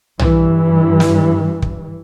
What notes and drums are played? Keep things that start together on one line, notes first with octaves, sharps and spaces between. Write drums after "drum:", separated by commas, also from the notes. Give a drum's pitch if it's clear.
G2 E3, drum: tom B1
drum: snare
drum: kick